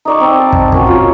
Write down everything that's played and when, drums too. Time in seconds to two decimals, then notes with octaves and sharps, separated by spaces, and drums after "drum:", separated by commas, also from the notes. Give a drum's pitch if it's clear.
0.05 D#4 D5 C#6
0.18 C4 D#4
0.39 A5
0.53 drum: kick
0.72 A#3 C#4 F#4, drum: kick
0.87 F4 C#5